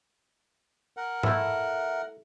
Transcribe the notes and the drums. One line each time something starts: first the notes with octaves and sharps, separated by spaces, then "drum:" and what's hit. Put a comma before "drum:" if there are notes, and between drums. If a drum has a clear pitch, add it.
A#4 F#5
A3 E4 E5, drum: tom